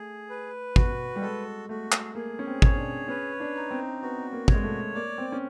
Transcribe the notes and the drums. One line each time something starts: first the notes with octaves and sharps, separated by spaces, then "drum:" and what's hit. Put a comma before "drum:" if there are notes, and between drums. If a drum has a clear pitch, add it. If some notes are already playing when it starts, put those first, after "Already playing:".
Already playing: A3 G#4
B4
F#4, drum: kick
G3
G#3 A4
A3 F#4
drum: clap
A#3 G#4
C#4
C4
C#5, drum: kick
D4
C#4 B4
D4
D#4
C4
B3 F#4
A#3
C#5, drum: kick
G#3
A3
A#3 D5
C4
C#4